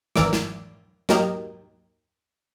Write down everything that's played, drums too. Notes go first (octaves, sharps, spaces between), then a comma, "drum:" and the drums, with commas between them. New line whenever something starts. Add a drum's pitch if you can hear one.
G#1 E2 A#4 D5 E5 D6, drum: snare
drum: snare
F#3 A#3 D#4 G4 A#4 D#5, drum: snare